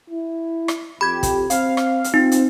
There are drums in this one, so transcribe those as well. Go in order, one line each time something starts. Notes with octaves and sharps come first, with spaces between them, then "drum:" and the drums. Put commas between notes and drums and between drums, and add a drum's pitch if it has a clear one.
E4
drum: rim click
F2 G4 B5 G#6
drum: kick, hi-hat
C4 F5, drum: hi-hat
drum: rim click
drum: hi-hat
C4 D#4 F4
drum: hi-hat